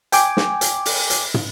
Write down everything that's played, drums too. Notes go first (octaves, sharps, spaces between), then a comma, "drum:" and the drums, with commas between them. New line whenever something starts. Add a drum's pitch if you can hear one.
G5 G#5 D6, drum: hi-hat
drum: snare
drum: hi-hat
drum: open hi-hat
drum: hi-hat
drum: tom